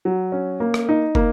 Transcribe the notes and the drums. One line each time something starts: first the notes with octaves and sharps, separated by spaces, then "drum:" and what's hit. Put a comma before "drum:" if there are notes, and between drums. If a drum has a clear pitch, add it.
F#3
C#4
A#3
drum: rim click
D#4
A#3, drum: kick